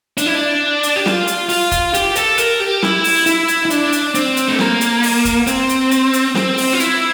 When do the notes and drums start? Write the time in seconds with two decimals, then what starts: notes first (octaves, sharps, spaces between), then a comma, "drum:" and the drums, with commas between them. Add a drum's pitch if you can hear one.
0.17 D4, drum: hi-hat
0.26 E4
0.35 D4
0.83 drum: hi-hat
0.96 G4
1.06 F4, drum: snare
1.27 drum: hi-hat
1.49 F4, drum: open hi-hat
1.72 drum: kick, hi-hat
1.94 G4, drum: hi-hat
2.15 A4, drum: hi-hat
2.38 A#4, drum: hi-hat
2.60 G4
2.82 E4, drum: snare
3.04 drum: open hi-hat
3.26 E4, drum: hi-hat
3.48 drum: hi-hat
3.65 E4
3.70 D4, drum: hi-hat
3.92 drum: hi-hat
4.15 C4, drum: hi-hat
4.37 drum: hi-hat
4.48 A3
4.59 A#3, drum: snare
4.81 drum: hi-hat
5.03 drum: open hi-hat
5.25 drum: kick, hi-hat
5.47 C4, drum: hi-hat
5.69 drum: hi-hat
5.91 drum: hi-hat
6.13 drum: hi-hat
6.35 C4, drum: snare
6.58 drum: open hi-hat
6.73 F4
6.80 E4, drum: hi-hat